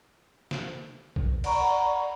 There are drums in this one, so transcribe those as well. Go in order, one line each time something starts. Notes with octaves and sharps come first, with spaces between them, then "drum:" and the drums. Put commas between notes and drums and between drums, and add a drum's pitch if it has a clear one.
drum: snare
drum: kick B1
D5 F#5 A#5 B5 C#6, drum: cymbal